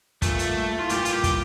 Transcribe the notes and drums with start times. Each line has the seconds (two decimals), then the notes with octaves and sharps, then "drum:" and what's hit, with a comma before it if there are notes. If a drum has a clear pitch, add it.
0.22 G2 A#2 A3, drum: kick, hi-hat
0.39 drum: hi-hat
0.79 A2 F4
0.89 G2 A#2 G4, drum: hi-hat
1.05 F4, drum: hi-hat
1.12 G4
1.24 drum: kick, hi-hat